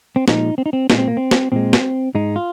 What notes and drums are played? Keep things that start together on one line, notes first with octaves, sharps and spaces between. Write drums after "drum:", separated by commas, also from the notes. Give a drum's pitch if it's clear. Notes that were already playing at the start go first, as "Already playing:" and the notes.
C4
A#2 F3 G#3 D#4, drum: snare
C4
D#4
C4
A#2 G#3 D#4, drum: snare
C4
A#3
C4
drum: snare
A#2 G#3 C4
drum: snare
G#2 G#3 D#4
F4